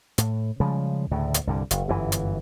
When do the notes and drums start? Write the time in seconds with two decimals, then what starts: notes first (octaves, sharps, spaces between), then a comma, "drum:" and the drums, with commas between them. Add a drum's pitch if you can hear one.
0.18 A2, drum: hi-hat
0.60 C#3 F3 G3 G#3
1.11 D2 A2 C#3
1.34 drum: hi-hat
1.47 C2 G2 D3
1.71 F#1, drum: hi-hat
1.88 G1 F#2 B2 E3
2.12 drum: hi-hat